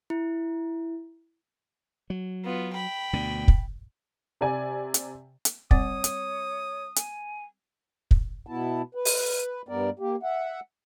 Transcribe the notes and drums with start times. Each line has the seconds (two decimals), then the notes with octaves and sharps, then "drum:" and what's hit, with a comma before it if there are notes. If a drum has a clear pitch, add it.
0.10 E4
2.10 F#3
2.45 B3 F4
2.73 G5 B5
3.13 D2 B2 D3
3.48 drum: kick
4.41 C3 D5 G#5
4.94 drum: hi-hat
5.45 drum: hi-hat
5.71 G3 C4 C#5 F#5 D#6, drum: kick
6.04 drum: hi-hat
6.96 G#5, drum: hi-hat
8.11 drum: kick
8.47 B2 B3 E4 A5
8.95 B4
9.05 drum: open hi-hat
9.69 G2 G3 B3 A#4 D5
9.99 A#3 G4
10.23 E5 F#5